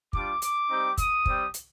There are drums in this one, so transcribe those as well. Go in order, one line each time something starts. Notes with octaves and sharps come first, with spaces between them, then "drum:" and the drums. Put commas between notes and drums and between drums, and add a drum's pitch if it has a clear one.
G3 D4 F4 D6, drum: kick
D6, drum: hi-hat
G3 C4 D#4 G4
D#6, drum: kick, hi-hat
G3 C4 G4, drum: kick
drum: hi-hat